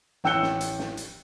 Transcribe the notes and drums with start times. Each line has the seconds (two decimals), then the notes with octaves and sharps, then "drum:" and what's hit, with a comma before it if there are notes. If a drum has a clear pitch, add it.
0.24 A1 G5 E6 F#6 C#7 G7, drum: snare
0.42 drum: snare
0.61 drum: hi-hat
0.79 drum: snare
0.97 drum: hi-hat